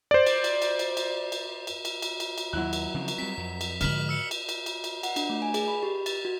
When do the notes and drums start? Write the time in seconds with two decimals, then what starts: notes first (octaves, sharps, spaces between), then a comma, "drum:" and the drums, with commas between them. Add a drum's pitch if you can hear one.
0.11 C5 D5
0.26 drum: cymbal
0.44 drum: cymbal
0.62 drum: cymbal
0.79 drum: cymbal
0.97 drum: cymbal
1.32 drum: cymbal
1.67 drum: cymbal
1.85 drum: cymbal
2.02 drum: cymbal
2.20 drum: cymbal
2.38 drum: cymbal
2.53 D#2 F#3 E4 F#6
2.73 drum: cymbal
2.94 C#3 F3 C4
3.08 drum: cymbal
3.18 G3 C4 B6
3.37 F2
3.61 drum: cymbal
3.81 G#2 D3 F3 G#3 F6 B6 F#7, drum: cymbal
4.09 E6 C#7
4.31 drum: cymbal
4.49 drum: cymbal
4.66 drum: cymbal
4.84 drum: cymbal
5.03 F#5, drum: cymbal
5.16 D4, drum: cymbal
5.29 A3
5.42 G#5
5.54 G#4, drum: cymbal
5.68 B5
5.83 G4
6.06 A6, drum: cymbal
6.25 F#4